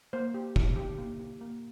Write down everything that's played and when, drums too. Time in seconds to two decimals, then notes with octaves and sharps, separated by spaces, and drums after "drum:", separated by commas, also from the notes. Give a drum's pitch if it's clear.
0.13 A#3 C5
0.34 G4
0.56 D#4, drum: kick
0.76 G4
0.98 A#3
1.19 G4
1.41 A#3